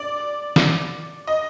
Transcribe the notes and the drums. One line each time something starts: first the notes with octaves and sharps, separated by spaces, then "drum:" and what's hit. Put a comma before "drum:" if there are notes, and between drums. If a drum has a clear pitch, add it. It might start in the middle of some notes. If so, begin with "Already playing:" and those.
Already playing: D5
drum: snare
D#5